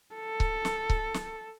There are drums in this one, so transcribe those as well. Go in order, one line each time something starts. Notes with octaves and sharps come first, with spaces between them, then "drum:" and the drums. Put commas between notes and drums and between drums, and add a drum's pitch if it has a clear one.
A4
drum: kick C#1
drum: snare
drum: kick C#1
drum: snare